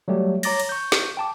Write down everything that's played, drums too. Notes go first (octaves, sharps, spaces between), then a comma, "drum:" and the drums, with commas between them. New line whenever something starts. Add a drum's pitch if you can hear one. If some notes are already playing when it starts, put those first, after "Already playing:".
F#3 G3 A3 G4
C#5 A#5 D6 A6 A#6, drum: cymbal
drum: cymbal
C#6 G6
drum: snare
G5 A5 D6